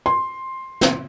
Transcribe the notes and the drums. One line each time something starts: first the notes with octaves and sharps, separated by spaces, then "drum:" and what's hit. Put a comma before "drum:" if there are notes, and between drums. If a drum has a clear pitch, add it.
C6
drum: snare